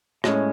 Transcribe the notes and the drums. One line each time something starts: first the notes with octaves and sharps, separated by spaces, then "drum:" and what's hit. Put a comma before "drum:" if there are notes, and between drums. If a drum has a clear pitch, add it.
A2 G#3 C#4, drum: rim click